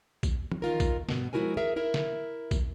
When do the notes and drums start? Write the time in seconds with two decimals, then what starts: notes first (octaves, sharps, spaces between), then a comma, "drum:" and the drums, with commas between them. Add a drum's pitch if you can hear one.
0.23 drum: kick B1, tambourine
0.52 drum: tom E3
0.62 D#3 F4 A#4
0.80 drum: kick B1, tambourine
1.09 G2 B2, drum: snare
1.33 F3 G#3 E4 F#4 A#4 G#5
1.57 G#4 A#4 E5
1.76 E4 A#4 E5
1.94 drum: snare
2.51 drum: kick B1, tambourine